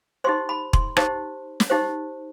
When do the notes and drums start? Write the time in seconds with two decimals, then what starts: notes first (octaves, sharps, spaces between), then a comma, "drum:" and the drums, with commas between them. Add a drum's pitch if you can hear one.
0.24 D#4 G4 C5 C6
0.49 B5
0.73 C6, drum: kick E1
0.97 D#4 G4 C5, drum: rim click
1.60 drum: snare
1.70 D#4 G4 C5